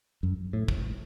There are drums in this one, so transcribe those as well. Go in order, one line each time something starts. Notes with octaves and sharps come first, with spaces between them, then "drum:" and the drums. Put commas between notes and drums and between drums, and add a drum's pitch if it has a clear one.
F#2
A2
drum: kick